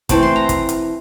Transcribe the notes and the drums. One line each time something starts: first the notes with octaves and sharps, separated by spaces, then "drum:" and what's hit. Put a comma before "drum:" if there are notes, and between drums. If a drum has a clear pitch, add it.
E3 A3 C4 A5, drum: kick, hi-hat
C6
A#5
drum: kick, hi-hat
drum: hi-hat